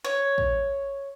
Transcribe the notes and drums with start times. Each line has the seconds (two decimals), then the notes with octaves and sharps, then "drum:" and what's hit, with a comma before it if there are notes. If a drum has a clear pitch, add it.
0.05 C#5
0.38 drum: kick